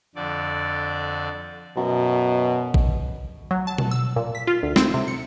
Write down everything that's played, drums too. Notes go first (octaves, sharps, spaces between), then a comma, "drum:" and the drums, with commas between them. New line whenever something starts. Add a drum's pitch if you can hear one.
F2 D3 D5
F#2 B2
drum: kick A1
F#3
A5
drum: tom B2
E6
A#2
B6
F4
D2
C4, drum: snare
C3
C#7